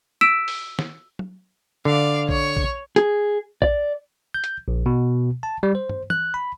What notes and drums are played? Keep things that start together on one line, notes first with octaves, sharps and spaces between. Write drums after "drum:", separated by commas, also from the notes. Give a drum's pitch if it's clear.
E6 B6 D7 E7
drum: open hi-hat
drum: snare
drum: tom
D3 D5 F5
C#5 C#6, drum: kick A#1
drum: kick A#1
G#4, drum: hi-hat
D5, drum: kick A#1
G6
drum: hi-hat
A#1
B2
A5
G3
C5
drum: tom
F#6, drum: tom
B5